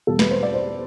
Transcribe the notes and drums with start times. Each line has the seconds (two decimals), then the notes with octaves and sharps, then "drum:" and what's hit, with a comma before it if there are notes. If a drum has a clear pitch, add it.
0.07 E2 B2 G3 A4
0.19 B4, drum: snare
0.31 C5
0.43 D5
0.54 C5